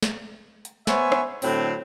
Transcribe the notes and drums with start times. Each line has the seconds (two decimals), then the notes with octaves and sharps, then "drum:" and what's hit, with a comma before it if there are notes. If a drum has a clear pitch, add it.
0.03 drum: snare
0.65 drum: hi-hat
0.87 B3 C5 C#5 E5 G#5, drum: snare
1.12 drum: rim click
1.42 A2 D3 F#3 C4, drum: open hi-hat